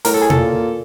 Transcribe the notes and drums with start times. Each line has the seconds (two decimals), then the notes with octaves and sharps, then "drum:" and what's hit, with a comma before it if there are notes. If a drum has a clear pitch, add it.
0.05 A2 A#4, drum: open hi-hat
0.14 A4
0.22 G#4
0.30 A4, drum: tom B2
0.37 A#2